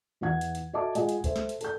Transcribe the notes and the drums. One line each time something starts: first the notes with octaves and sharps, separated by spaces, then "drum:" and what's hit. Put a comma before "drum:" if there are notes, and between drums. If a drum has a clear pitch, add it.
E2 E3 F#5 G#6
drum: hi-hat
drum: hi-hat
F#4 A4 D#5 E5 A5 D6
G#3 F4 D#5 F#5 G#5, drum: hi-hat
drum: hi-hat
A4 C5 E5, drum: kick C#2, hi-hat
drum: snare
drum: hi-hat
A4 D5 G6, drum: hi-hat